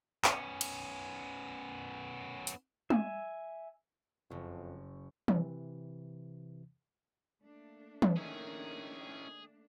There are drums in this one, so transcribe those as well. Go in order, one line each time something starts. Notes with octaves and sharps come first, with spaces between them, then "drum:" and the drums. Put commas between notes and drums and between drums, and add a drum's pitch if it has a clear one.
B3 C#4, drum: clap
drum: cymbal
drum: hi-hat
E5 G#5, drum: tom
F#1 F2 F#3
C3 E3, drum: tom
A3 A#3 D4
drum: tom
D#3 C#4 E4 G#4